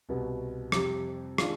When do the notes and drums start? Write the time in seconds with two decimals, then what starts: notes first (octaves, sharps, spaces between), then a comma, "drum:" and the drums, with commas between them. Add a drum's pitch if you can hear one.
0.09 C2 B2 B3
0.72 F2 C3 G3, drum: rim click
1.38 D#3 G#3 D4 F4, drum: rim click